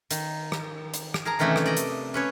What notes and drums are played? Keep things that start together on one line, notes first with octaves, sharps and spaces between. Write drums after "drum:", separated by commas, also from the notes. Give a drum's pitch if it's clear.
D#3, drum: hi-hat
drum: rim click
drum: hi-hat
drum: rim click
G#4 A#4 A5 A#5
C3 D#3 E3 A3 C#4 D4
drum: rim click
D5 D#5
drum: hi-hat
C#4 B4 C#5